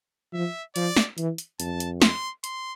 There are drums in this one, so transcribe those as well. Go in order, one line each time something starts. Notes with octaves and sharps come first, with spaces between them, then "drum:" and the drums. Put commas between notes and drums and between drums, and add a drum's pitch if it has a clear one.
F3 E5
F3 D5, drum: hi-hat
drum: snare
E3, drum: hi-hat
drum: hi-hat
F2 A5, drum: hi-hat
drum: hi-hat
C6, drum: snare
C6, drum: hi-hat